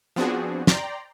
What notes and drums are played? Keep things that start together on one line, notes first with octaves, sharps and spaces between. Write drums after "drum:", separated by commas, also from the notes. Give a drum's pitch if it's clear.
F3 B3 C4 D4 F#4 G#4
D5 G5 A#5 C6, drum: snare